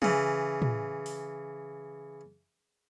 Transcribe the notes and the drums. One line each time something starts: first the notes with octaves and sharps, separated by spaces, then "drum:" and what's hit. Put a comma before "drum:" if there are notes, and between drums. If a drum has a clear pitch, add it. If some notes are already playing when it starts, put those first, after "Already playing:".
C#3 E3, drum: tom
drum: tom
drum: open hi-hat